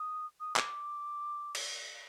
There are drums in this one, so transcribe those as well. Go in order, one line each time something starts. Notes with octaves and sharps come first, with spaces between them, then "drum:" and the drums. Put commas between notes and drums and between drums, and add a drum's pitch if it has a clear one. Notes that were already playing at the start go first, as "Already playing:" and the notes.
Already playing: D#6
D#6
D6, drum: clap
drum: cymbal